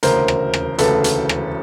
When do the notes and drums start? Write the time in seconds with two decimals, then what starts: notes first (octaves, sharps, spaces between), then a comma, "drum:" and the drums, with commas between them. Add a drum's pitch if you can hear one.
0.03 E1 D2 C#3 A#4 C5, drum: hi-hat
0.28 drum: rim click
0.54 drum: rim click
0.78 E1 D2 C#3 A4 B4, drum: hi-hat
1.04 drum: hi-hat
1.29 drum: rim click